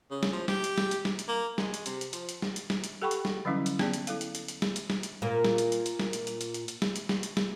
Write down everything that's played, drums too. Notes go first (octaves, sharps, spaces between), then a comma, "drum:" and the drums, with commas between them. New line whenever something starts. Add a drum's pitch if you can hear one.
C#3
drum: snare
F3
G4, drum: snare
drum: hi-hat
drum: snare
drum: hi-hat
drum: snare
drum: hi-hat
A#3
G#3, drum: snare
drum: hi-hat
C3, drum: hi-hat
drum: hi-hat
F3, drum: hi-hat
drum: hi-hat
drum: snare
drum: hi-hat
drum: snare
drum: hi-hat
G4 A4 F#5 G5 B5 C#6
drum: hi-hat
drum: snare
D3 E3 F#3 G3 C#4 E4
drum: hi-hat
A#3 B3 G#4 D5, drum: snare
drum: hi-hat
E4 A4 F5, drum: hi-hat
drum: hi-hat
drum: hi-hat
drum: hi-hat
drum: snare
drum: hi-hat
drum: snare
drum: hi-hat
A#2 A#3
drum: snare
drum: hi-hat
drum: hi-hat
drum: hi-hat
drum: snare
drum: hi-hat
drum: hi-hat
drum: hi-hat
drum: hi-hat
drum: hi-hat
drum: snare
drum: hi-hat
drum: snare
drum: hi-hat
drum: snare